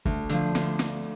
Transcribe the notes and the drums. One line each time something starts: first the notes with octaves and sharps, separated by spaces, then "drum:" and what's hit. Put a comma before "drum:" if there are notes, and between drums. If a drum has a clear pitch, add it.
D2, drum: kick
D3 F3, drum: hi-hat
D2, drum: snare
drum: snare